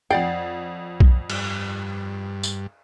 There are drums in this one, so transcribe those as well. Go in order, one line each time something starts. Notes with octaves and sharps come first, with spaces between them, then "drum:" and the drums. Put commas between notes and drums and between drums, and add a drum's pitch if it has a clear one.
F2 D5 F#5 G5 A6 C7
drum: kick B1
G2, drum: cymbal
drum: tambourine